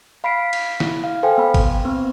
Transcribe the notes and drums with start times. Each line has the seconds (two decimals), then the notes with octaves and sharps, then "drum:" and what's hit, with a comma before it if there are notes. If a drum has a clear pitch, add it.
0.24 F5 B5 B6 C7 D7
0.53 drum: cymbal
0.80 E4, drum: snare
1.04 F5
1.23 A4 C5 F5 G5 G#5
1.38 B3 B5
1.54 drum: kick, cymbal
1.85 B3 C4 C5